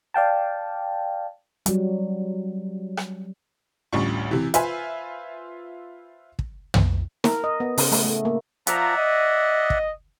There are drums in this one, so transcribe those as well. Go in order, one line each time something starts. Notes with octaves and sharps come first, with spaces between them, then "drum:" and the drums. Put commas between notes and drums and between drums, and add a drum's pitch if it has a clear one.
D5 F5 G5 A5
F#3 G3, drum: hi-hat
drum: rim click
A1 D2 G3 F4 C#6
C3 E3
F4 B4 C5 E5 G#5, drum: hi-hat
drum: kick
drum: tom
A#4, drum: snare
D#5
B3
C#3, drum: open hi-hat
A3, drum: open hi-hat
A3
A#3
F3 D5 E5 F#5 A#5, drum: hi-hat
D#5
drum: kick